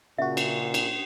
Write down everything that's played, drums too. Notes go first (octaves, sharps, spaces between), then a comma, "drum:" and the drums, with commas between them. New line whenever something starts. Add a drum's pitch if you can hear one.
A#2 C#3 F#4 E5
drum: cymbal
drum: cymbal